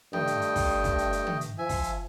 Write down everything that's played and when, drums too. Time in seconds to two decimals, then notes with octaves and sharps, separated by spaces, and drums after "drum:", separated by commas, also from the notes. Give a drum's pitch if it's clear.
0.13 G2 A3 D#5 G5, drum: tom
0.27 drum: hi-hat
0.41 drum: hi-hat
0.56 drum: kick, open hi-hat
0.84 drum: kick, hi-hat
0.98 drum: hi-hat
1.12 drum: hi-hat
1.27 drum: tom
1.41 drum: hi-hat
1.58 F3 E5 G#5
1.69 drum: kick, open hi-hat
1.83 drum: hi-hat